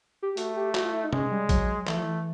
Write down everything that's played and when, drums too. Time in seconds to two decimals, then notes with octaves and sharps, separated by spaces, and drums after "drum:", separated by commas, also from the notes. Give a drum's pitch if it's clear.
0.22 G4
0.37 A3 F#4, drum: hi-hat
0.56 G4
0.74 F#4, drum: clap
0.84 F4
0.93 E4
1.03 D#4
1.13 G#3 C#4, drum: tom C3
1.31 G3
1.49 F#3, drum: kick A1, hi-hat
1.87 E3 A3, drum: clap
1.96 F3
2.03 E3